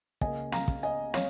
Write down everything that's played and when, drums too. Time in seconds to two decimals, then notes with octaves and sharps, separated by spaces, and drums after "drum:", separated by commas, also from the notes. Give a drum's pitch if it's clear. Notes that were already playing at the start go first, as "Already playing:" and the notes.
0.21 C#2 C#3 A#3 D#5 G#5, drum: kick
0.52 F5 A#5, drum: snare
0.68 drum: kick
0.83 D#5 G#5
1.14 C#5 F5, drum: snare